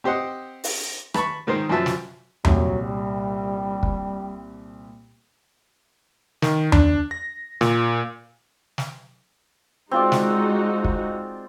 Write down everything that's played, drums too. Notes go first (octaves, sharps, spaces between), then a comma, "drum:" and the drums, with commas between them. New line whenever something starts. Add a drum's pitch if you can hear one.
C4 G4 C5 D#5 F#5
drum: open hi-hat
B4 A5 B5 C#6, drum: rim click
G#2 D#3 A#4 C5
F#2 F3 F#4 E5 A5
drum: snare
C2 A#2 F#3, drum: tom E2
G3
drum: kick
D#3, drum: snare
D4, drum: tom E2
A#6
A#2, drum: snare
drum: snare
G#3 C4 D#4 F4 F#4 D5
drum: snare
drum: kick